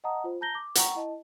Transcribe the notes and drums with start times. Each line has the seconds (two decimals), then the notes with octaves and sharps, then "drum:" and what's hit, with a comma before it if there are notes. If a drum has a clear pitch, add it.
0.04 D#5 F#5 A5 A#5 D#6
0.24 F4 C5
0.41 A5 A#5 G6 A#6 G7
0.55 D6
0.75 F#5 G5 A#5 C#6, drum: hi-hat
0.95 E4 D#5 A5